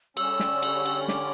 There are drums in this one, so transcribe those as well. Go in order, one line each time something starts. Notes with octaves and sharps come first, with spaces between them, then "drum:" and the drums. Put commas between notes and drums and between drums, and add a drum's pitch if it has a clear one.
D3 G3 C#4 E6, drum: cymbal
drum: snare
drum: cymbal
drum: cymbal
D6, drum: snare